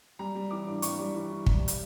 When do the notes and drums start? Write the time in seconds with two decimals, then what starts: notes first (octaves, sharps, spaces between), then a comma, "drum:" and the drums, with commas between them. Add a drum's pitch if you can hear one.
0.19 G3 A#5
0.35 G3
0.51 E3 D6
0.66 G2
0.82 G2 C#6, drum: hi-hat
0.99 G3
1.14 E3
1.31 E3
1.46 G3, drum: kick
1.68 drum: hi-hat